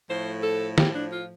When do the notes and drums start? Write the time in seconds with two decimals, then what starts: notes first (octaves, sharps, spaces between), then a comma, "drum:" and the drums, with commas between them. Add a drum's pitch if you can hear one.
0.10 A2 F3 A3 C5
0.43 A4
0.78 G4, drum: snare
0.95 D4
1.12 F4